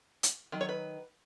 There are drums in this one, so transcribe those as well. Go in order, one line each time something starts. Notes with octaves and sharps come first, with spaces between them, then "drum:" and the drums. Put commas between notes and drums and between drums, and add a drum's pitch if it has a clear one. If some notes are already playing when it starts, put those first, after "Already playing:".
drum: hi-hat
D#3 F#3
C#5
B4